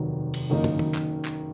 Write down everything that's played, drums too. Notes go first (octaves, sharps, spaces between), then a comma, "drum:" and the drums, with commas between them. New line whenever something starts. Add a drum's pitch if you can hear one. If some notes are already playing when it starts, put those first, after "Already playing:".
Already playing: F1 D#2 D#3 F#3
drum: cymbal
F#1 F#2 D#3 A#3 D#4
drum: tom
drum: tom D#3
drum: clap
drum: clap